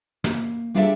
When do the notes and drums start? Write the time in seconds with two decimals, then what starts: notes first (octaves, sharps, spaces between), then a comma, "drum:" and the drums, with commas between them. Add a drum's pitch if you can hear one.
0.24 A#3, drum: snare
0.74 G3 D4 F4 G#4 A4 E5